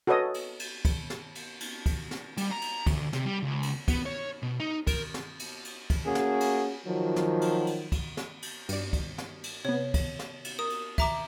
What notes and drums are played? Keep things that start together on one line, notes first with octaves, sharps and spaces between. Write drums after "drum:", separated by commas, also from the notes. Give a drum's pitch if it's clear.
F#4 A4 B4 C#5 D#5 D#6
drum: cymbal
drum: cymbal
drum: kick, cymbal
drum: snare
drum: cymbal
drum: cymbal
drum: kick, cymbal
drum: snare
G3, drum: cymbal
A#5
drum: cymbal
D2, drum: kick, cymbal
C3, drum: snare
G3
C#2
drum: cymbal
B3, drum: kick, cymbal
C#5
B2
D#4
A#4, drum: kick, cymbal
drum: snare
drum: cymbal
drum: cymbal
drum: kick, cymbal
A#3 C#4 F#4 G#4
drum: snare
drum: cymbal
D#3 F3 F#3
drum: snare
drum: cymbal
drum: cymbal
drum: kick, cymbal
drum: snare
drum: cymbal
G2 D5, drum: cymbal
drum: kick, cymbal
drum: snare
drum: cymbal
C3 B3 C#5
drum: kick, cymbal
drum: snare
drum: cymbal
A#4 D#6
drum: cymbal
E5 A#5 D6, drum: kick, cymbal